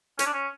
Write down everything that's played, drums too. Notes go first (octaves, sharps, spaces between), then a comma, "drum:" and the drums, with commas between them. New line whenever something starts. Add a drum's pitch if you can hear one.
C#4, drum: hi-hat
D4
C#4